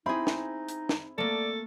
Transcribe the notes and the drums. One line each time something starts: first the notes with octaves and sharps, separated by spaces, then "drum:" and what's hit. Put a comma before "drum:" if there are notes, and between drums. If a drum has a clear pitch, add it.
C4 D#4 E4 G#4 B5
drum: snare
drum: hi-hat
drum: snare
A3 A#3 A4 D5